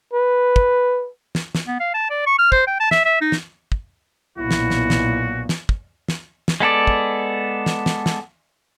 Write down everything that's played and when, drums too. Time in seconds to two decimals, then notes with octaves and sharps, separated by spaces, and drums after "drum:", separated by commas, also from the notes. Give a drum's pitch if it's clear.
0.13 B4
0.56 drum: kick
1.35 drum: snare
1.55 drum: snare
1.67 B3
1.80 F5
1.94 A5
2.10 D5
2.27 C#6
2.39 F6
2.52 C5, drum: kick
2.67 G5
2.80 A5
2.91 E5, drum: snare
3.05 E5
3.21 D#4
3.32 drum: snare
3.72 drum: kick
4.38 B1 A#2 E4 F#4
4.51 drum: snare
4.70 drum: snare
4.90 drum: snare
5.49 drum: snare
5.69 drum: kick
6.08 drum: snare
6.48 drum: snare
6.60 G#3 B3 A4 D5
6.87 drum: kick
7.66 drum: snare
7.86 drum: snare
8.06 drum: snare